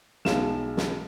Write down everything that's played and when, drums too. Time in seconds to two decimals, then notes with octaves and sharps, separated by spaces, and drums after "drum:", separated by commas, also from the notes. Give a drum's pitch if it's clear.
0.25 B1 G#3 F5 E7, drum: snare
0.77 drum: snare